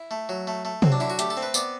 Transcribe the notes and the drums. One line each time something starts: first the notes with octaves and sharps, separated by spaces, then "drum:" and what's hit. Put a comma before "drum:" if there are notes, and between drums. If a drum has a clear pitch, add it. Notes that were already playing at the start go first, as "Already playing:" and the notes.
Already playing: E4
A3
F#3
A3
A3
F#3 C4, drum: tom C3
D4
D3 E4
F#4
A3 G4, drum: hi-hat
A4
C4
B4
B3 D5, drum: tambourine